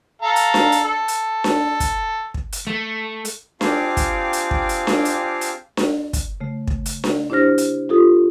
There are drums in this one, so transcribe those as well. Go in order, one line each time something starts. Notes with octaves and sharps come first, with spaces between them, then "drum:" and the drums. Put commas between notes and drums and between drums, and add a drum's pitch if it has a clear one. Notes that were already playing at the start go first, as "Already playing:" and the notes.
A4 F5 A#5
drum: hi-hat
drum: snare D4
drum: hi-hat
A4
drum: hi-hat
drum: snare D4
drum: kick, hi-hat
drum: kick
drum: hi-hat
A3
drum: hi-hat
C4 D4 F4 G4 G#4 F5, drum: snare D4
drum: kick, hi-hat
drum: hi-hat
drum: kick
drum: hi-hat
drum: snare D4
drum: hi-hat
drum: hi-hat
drum: snare D4
drum: kick, hi-hat
C#3 A3
drum: kick
drum: hi-hat
drum: snare D4
D4 E4 G4 C5 F6 A#6
drum: hi-hat
F4 G4 A4 D#6